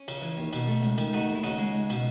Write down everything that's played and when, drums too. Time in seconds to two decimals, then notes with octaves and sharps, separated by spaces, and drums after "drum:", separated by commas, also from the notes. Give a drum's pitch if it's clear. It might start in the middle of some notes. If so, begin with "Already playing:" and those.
Already playing: C#4
0.08 C#3, drum: cymbal
0.22 E3
0.37 D#2
0.53 B2, drum: cymbal
0.67 A3
0.83 C#2
0.98 D#3, drum: cymbal
1.13 A3 D#4 F#4
1.29 D#2
1.35 E4
1.43 C#3 D#4 F#4, drum: cymbal
1.58 G#3
1.75 C#2
1.90 B2, drum: cymbal